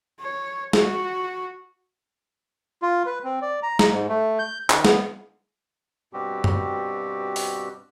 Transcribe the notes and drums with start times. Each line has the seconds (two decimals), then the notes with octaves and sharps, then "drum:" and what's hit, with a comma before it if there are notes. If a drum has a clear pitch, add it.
0.20 C#5
0.73 F#4, drum: snare
2.82 F4
3.06 B4
3.24 C4
3.42 D5
3.63 A#5
3.79 A#5, drum: snare
3.91 G#2
4.08 A3
4.39 G6
4.70 D#3, drum: clap
4.85 B3, drum: snare
6.13 G2 B2 G3 C4 F#4 G4
6.44 drum: tom F#2
7.36 drum: open hi-hat